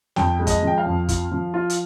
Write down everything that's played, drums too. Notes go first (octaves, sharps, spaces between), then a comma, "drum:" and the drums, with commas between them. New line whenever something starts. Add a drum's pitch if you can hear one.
F2 G5, drum: snare
G#3
D#5, drum: kick, hi-hat
F3 G5
F5
F2
F4, drum: kick, hi-hat
F3
F4
drum: hi-hat